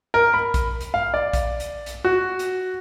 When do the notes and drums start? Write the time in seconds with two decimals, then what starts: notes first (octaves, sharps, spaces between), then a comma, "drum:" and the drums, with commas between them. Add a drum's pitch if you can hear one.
0.14 A#4
0.34 B5
0.54 drum: kick A#1, hi-hat
0.81 drum: hi-hat
0.94 F5
1.14 D5
1.33 drum: kick A#1, hi-hat
1.60 drum: hi-hat
1.86 drum: hi-hat
2.05 F#4
2.39 drum: hi-hat